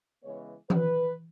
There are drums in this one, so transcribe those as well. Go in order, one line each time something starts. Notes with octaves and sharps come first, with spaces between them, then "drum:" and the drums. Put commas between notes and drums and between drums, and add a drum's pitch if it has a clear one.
C#3 E3 G#3 B3 C#5
B4, drum: tom E3